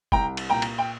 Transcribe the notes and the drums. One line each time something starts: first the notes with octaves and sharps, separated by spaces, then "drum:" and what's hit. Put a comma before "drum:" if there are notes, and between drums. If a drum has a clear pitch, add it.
C2 G5 A#5, drum: kick F1
drum: cymbal
A#2 G5 A#5
drum: cymbal
G5